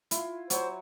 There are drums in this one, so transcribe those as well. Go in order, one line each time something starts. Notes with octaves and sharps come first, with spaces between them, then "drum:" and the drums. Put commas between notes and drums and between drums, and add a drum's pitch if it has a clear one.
E4 F4, drum: hi-hat
F#3 C5 C#5 A#5, drum: hi-hat